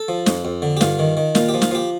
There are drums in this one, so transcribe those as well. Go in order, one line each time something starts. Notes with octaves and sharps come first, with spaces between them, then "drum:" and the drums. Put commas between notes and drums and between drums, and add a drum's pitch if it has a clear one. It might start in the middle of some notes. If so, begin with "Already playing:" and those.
Already playing: A4
F3
F2, drum: snare
F2
D3
G4
G2 F4, drum: snare
D#3
D#3
A#2 F4, drum: snare
G4
F3
F4, drum: snare
F3 G4